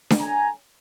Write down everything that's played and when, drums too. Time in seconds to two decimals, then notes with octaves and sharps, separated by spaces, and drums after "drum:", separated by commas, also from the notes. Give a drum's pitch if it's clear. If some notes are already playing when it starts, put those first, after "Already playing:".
0.10 drum: snare D4
0.20 G#5 A#5